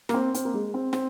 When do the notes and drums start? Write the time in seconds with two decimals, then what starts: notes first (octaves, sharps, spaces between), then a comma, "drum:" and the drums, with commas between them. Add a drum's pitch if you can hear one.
0.09 A#3, drum: snare
0.14 C4
0.34 C4, drum: hi-hat
0.45 A#3
0.54 G#3
0.74 C4
0.93 C4, drum: snare